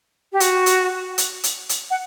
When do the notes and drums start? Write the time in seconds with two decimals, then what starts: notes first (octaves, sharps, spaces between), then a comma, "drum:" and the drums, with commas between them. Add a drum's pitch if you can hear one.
0.32 G4
0.40 F#4, drum: hi-hat
0.66 drum: hi-hat
1.18 drum: hi-hat
1.44 drum: hi-hat
1.69 drum: hi-hat
1.90 F#5